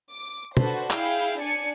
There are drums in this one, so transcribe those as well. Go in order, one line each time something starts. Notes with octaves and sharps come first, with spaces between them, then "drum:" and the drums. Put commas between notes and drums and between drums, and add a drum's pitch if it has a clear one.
D6
D4 F#4 A4 B4 C5, drum: tom
E4 G#4 F5 G5, drum: clap
D4 D5 G#5 C#7